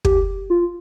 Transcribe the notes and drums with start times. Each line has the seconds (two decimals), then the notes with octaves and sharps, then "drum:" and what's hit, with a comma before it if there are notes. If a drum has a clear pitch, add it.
0.05 G4, drum: kick
0.50 F4